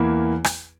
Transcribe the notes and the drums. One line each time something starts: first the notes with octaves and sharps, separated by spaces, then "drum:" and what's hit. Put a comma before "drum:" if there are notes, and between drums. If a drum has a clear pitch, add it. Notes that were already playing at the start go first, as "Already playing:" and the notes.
Already playing: E2 E3 A#3 E4
drum: rim click